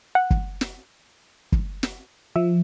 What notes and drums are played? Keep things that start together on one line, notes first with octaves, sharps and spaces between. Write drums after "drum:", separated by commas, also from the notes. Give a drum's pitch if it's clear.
F#5
drum: kick
drum: snare
drum: kick
drum: snare
F3 E5